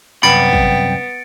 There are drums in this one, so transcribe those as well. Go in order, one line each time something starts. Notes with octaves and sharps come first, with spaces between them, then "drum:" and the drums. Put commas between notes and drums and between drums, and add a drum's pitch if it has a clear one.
C2 F#2 B3 G5 B5 A6 C#7 D7, drum: snare
drum: kick